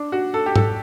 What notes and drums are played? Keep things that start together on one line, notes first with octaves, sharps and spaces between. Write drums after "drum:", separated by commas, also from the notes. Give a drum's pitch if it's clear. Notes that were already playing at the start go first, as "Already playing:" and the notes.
Already playing: D4
F#4
A4
G4
A4, drum: tom G#2